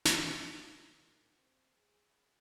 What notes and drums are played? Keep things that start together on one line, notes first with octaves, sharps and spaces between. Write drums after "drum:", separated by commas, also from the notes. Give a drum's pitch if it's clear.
drum: snare
D3
G3
A#2
C4
G#4
F#2